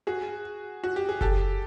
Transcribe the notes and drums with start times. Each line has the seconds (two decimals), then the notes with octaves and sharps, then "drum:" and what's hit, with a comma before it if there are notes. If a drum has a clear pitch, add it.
0.07 F#4 G#4
0.84 F#4
0.96 G4
1.09 G#4
1.21 G4 A4, drum: kick F#1